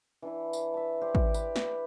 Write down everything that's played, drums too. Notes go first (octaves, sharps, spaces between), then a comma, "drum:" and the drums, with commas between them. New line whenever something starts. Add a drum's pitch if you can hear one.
E3 D4 E4
drum: tambourine
E5 A5
G4 C5 D5
drum: kick
B4, drum: tambourine
drum: snare